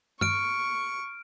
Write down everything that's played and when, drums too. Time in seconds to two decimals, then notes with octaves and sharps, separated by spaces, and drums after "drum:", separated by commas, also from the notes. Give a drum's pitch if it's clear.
0.21 C#6 F6 D7, drum: tom G2